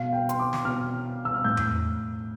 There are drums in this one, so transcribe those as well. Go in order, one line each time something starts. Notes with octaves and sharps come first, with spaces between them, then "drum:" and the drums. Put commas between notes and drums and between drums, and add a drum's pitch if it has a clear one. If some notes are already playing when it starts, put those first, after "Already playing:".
Already playing: B2 F5
G5
C6, drum: hi-hat
D6
drum: snare
B2 F6
E6
F6
A2 G6
drum: tom E2